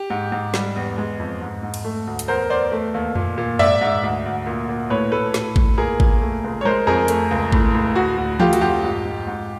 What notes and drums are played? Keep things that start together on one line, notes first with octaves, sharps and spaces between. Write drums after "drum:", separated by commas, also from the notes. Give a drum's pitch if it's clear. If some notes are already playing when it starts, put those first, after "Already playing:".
Already playing: G4
G#2
G#2
G3, drum: snare
E2
G#3
F2
G#2
G#2
drum: cymbal
A3
D2
drum: hi-hat
E2 A#4 C5
E2 C5 D5
A3
D#2
A#2, drum: tom F2
A#2
G#2 D5 E5, drum: tom F2
G#2
D2
D2
A#2
A#2
A2 B4 C#5
A2 A4 B4
A2, drum: snare
A2, drum: kick G#1
A#2 G#4 A#4
A#2, drum: kick G#1
A3
C#2
C#5
G#3 A#4 C5
F2 G#4 A#4
A3, drum: hi-hat
C#2
A2, drum: kick G#1
A2
D2 F#4
D2
A3 F4 G4, drum: tom E3
F#4, drum: hi-hat
F2 F4 G4
G#2
G#2
G#2